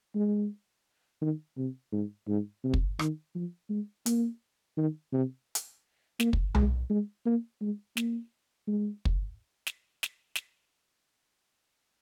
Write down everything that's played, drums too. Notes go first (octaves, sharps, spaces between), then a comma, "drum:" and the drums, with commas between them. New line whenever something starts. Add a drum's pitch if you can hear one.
G#3
D#3
C3
G#2
G#2
C3
drum: kick
D#3, drum: rim click
F3
G#3
A#3, drum: hi-hat
D#3
C3
drum: hi-hat
A#3, drum: snare
drum: kick
G#3, drum: tom B1
G#3
A#3
G#3
A#3, drum: snare
G#3
drum: kick
drum: snare
drum: snare
drum: snare